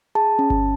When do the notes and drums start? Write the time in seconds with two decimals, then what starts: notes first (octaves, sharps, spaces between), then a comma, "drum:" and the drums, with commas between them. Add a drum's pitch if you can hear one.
0.15 G#4 A5
0.39 C#4
0.50 drum: kick G1